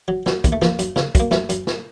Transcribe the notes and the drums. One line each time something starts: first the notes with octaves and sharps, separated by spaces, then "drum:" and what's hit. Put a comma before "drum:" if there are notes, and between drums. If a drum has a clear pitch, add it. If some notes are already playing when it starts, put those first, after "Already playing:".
F#3
F#3, drum: snare
D#2, drum: kick, hi-hat
A3
F3 A#3, drum: snare
F#2, drum: hi-hat
C#3, drum: snare
F#2 A#3, drum: kick, hi-hat
F#2 A3, drum: snare
F#2, drum: hi-hat
drum: snare